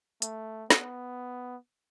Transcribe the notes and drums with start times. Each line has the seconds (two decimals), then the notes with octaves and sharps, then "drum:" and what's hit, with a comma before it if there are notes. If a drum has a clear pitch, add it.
0.22 A3, drum: hi-hat
0.70 B3, drum: snare